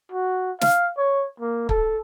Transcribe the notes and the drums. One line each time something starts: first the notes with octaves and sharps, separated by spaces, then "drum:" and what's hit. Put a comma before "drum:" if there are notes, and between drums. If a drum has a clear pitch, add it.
F#4
F5, drum: snare
C#5
A#3
A4, drum: kick